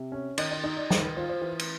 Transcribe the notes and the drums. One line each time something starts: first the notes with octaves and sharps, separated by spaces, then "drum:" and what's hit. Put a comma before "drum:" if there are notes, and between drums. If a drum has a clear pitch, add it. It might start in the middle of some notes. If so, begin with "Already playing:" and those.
Already playing: C3
C#4
D#3 D#5, drum: cymbal
D#5
D#4 D#5
D5
D#3 C5, drum: snare
B4
F4 C5
C5
E3
drum: cymbal